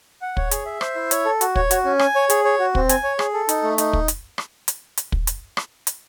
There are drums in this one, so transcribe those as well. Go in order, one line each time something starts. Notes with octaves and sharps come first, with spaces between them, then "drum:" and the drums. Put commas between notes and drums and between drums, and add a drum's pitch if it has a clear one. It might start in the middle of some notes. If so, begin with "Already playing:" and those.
F#5
C#5, drum: kick
G#4, drum: hi-hat
E5
C5, drum: rim click
E4
C#5, drum: hi-hat
A4
F#4, drum: hi-hat
C#5, drum: kick
F#4, drum: hi-hat
C#4
G#5, drum: rim click
C#5
G#4, drum: hi-hat
C#5
F#4
C4, drum: kick
G#5, drum: hi-hat
C#5
G#4, drum: rim click
A4
D#4, drum: hi-hat
A3
D#4, drum: hi-hat
drum: kick
drum: hi-hat
drum: rim click
drum: hi-hat
drum: hi-hat
drum: kick
drum: hi-hat
drum: rim click
drum: hi-hat